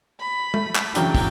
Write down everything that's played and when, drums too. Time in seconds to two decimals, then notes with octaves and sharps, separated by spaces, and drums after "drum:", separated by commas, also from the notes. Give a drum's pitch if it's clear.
0.20 B5
0.54 A3, drum: tom
0.76 drum: clap
0.95 C#3 E3 F#3 D4 G5, drum: hi-hat
1.15 drum: kick, open hi-hat